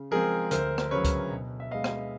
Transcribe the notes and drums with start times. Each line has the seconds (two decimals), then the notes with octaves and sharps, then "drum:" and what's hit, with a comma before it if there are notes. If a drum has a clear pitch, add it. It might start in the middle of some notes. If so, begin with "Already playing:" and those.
Already playing: C#3
0.11 F3 G#3 C4 G#4 A#4
0.51 D2 A#4 C5, drum: hi-hat
0.78 drum: rim click
0.91 C#3 F#3 B4 C#5
1.05 drum: kick C#2, hi-hat
1.31 B2
1.60 E5
1.71 G#3 B3 D#5 F5
1.84 drum: rim click